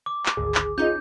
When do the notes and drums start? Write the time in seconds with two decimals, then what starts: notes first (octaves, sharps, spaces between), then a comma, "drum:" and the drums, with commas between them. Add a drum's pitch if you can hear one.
0.06 D6
0.26 drum: clap
0.37 G#1 D2 G#4
0.55 drum: clap
0.78 C#4 D#4 F4 G#4 D#5 G6